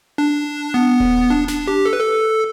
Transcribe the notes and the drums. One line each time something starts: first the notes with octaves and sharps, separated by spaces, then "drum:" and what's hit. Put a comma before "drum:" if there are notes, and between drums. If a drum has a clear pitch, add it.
D4
B3
drum: kick D#1
D4
D4, drum: snare
G4
A4
B4
A4